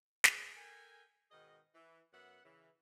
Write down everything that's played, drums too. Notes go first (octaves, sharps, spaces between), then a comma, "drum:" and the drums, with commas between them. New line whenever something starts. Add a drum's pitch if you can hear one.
G#4, drum: snare
A4 A#4 G5 G#5
G#2 B2 D#3 G#4 D#5
E3
F#2 B3 E5 F#5
C#3 E3